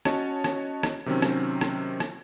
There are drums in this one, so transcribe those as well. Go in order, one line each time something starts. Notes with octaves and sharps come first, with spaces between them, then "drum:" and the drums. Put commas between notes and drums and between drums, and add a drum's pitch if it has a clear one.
C#4 F#4 C#5 D#5 A5, drum: rim click
drum: rim click
drum: rim click
C3 D#3 F#3 C4 C#4
drum: rim click
drum: rim click
drum: rim click